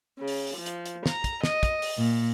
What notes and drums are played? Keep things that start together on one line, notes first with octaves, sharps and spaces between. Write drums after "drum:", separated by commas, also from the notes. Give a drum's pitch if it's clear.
C#3
drum: open hi-hat
drum: open hi-hat
F3
drum: hi-hat
drum: hi-hat
A#5, drum: snare
drum: kick, hi-hat
D#5, drum: snare
drum: kick, hi-hat
drum: open hi-hat
A#2